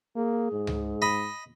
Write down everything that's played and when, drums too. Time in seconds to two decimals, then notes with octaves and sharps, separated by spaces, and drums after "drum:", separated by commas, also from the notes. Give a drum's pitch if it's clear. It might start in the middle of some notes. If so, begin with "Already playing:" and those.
0.16 A#3 G#4
0.53 G#2
0.67 drum: tom C#2
1.02 D#5 B5